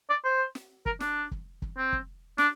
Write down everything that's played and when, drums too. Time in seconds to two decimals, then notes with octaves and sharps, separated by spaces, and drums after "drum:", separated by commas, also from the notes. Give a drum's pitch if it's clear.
0.10 D5
0.24 C5
0.55 drum: snare
0.86 A#4, drum: kick
1.00 D4, drum: snare
1.31 drum: kick
1.62 drum: kick
1.78 C4
1.93 drum: kick
2.38 D4, drum: snare